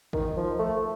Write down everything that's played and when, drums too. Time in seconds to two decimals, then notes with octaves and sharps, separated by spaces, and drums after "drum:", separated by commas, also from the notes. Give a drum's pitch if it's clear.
0.13 D#3, drum: kick G#1
0.36 F3
0.59 A3